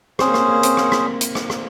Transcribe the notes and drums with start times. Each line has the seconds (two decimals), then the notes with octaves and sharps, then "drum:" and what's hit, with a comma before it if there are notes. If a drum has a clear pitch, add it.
0.19 C4 C#4 G#4 C5, drum: rim click
0.28 A#3
0.34 C4, drum: rim click
0.49 A#3
0.63 C4, drum: hi-hat
0.77 A#3, drum: rim click
0.92 drum: rim click
1.21 drum: hi-hat
1.35 drum: rim click
1.50 drum: rim click